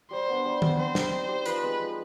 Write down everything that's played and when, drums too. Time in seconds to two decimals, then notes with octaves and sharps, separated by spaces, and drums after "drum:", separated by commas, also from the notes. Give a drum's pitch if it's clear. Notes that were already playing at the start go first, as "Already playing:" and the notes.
0.11 G3 C5
0.28 B3 D4
0.45 G3
0.62 B3 D4, drum: tom
0.79 C4 C5
0.95 D#4 G4, drum: snare
1.12 C4
1.28 D#4 G4
1.46 F3 B4, drum: hi-hat
1.63 G#3 C4
1.80 F3